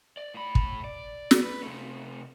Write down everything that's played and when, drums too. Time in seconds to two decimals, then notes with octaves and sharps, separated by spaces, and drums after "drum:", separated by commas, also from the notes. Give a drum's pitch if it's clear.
0.17 D5
0.34 A2 B5
0.55 drum: kick
0.84 D5
1.31 drum: snare
1.43 B4
1.63 C3 A3